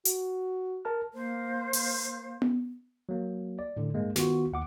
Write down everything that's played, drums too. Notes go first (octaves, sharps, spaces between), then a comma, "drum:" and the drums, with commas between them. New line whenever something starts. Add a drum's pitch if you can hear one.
F#4, drum: hi-hat
A#4 A5 F6
A#3 C5
drum: open hi-hat
drum: tom B3
F#3 A#3
D5
A2 D3
G2 G#3 A#3
D#3 B3 F4 F#4, drum: snare
D#2 F#5 D6